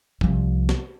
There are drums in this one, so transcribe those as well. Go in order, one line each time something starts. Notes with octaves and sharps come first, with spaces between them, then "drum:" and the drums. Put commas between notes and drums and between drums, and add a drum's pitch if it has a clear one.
C2 F3, drum: kick A1
drum: snare